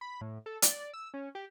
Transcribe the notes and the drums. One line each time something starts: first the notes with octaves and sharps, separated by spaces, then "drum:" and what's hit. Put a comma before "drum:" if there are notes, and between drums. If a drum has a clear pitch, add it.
B5
A2
A4
D5, drum: hi-hat
E6
C#4
G4